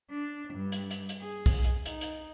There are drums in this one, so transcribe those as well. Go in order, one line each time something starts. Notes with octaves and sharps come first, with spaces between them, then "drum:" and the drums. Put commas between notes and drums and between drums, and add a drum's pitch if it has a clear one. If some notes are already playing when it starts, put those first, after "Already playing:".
D4
G2
drum: hi-hat
drum: hi-hat
drum: hi-hat
G#4
drum: kick B1, open hi-hat
drum: hi-hat
D#4, drum: hi-hat
drum: hi-hat